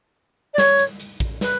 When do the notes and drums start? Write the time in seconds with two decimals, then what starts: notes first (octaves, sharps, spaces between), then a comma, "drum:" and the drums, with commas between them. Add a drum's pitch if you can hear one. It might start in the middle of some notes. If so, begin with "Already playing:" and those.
0.53 D5
0.58 C#5, drum: snare
0.79 drum: hi-hat
1.00 drum: hi-hat
1.20 drum: kick, hi-hat
1.41 B4, drum: snare